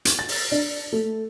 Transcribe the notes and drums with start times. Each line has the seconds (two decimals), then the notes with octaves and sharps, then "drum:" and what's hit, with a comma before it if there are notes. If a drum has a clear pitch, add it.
0.05 drum: hi-hat
0.19 A6
0.28 drum: open hi-hat
0.52 D4
0.92 A3